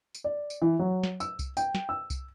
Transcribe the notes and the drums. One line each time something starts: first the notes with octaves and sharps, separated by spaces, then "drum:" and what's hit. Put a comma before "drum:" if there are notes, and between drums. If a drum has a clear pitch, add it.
drum: tambourine
D5
drum: tambourine
E3
F#3
drum: snare
E6, drum: tambourine
drum: kick C2, tambourine
G5, drum: tambourine
drum: snare
E6
drum: kick C2, tambourine